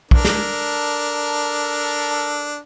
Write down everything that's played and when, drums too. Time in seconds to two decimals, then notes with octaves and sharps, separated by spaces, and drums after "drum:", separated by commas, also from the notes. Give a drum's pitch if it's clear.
0.11 D4 A4 A#4, drum: kick
0.24 drum: snare